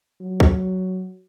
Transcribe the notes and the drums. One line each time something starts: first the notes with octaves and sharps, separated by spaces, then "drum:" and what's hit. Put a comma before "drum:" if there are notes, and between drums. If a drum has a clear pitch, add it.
F#3
drum: kick